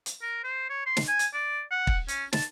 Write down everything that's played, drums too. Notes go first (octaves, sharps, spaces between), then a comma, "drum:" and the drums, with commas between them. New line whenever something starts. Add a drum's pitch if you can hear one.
drum: hi-hat
A#4
C5
C#5
C6
drum: snare
G#5
drum: hi-hat
D5
F#5
drum: kick
C#4, drum: hi-hat
A5, drum: snare